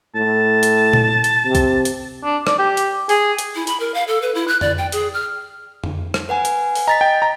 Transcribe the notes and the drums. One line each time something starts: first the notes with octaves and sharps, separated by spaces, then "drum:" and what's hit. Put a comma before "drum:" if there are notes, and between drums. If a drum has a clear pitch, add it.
A2 A5
drum: hi-hat
drum: tom A#2
drum: hi-hat
C3
drum: kick B1, hi-hat
drum: hi-hat
D4
D5, drum: rim click
G4
drum: hi-hat
G#4, drum: open hi-hat
drum: hi-hat
E4
B5, drum: hi-hat
A#4
F5
A4
B4
E4
F#6
D5, drum: tom F2
G5
G#4, drum: hi-hat
F6
drum: tom F2
drum: rim click
B4 F#5 G#5
drum: hi-hat
drum: open hi-hat
D#5 A#5 A6 B6
G5
A#5